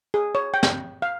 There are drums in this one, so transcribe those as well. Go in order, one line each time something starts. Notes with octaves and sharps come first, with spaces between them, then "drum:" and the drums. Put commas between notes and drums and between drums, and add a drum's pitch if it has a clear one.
G#4
C#5
G5
drum: snare
F5